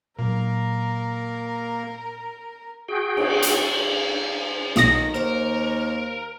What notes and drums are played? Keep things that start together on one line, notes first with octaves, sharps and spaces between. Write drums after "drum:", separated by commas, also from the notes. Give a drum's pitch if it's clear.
A#2 F#3 A#3 A#4
F#4 G#4 G5
drum: cymbal
drum: hi-hat
B1 D#3 F#3 A4 D#5 A#6, drum: snare
D#2 A#4 C5 F5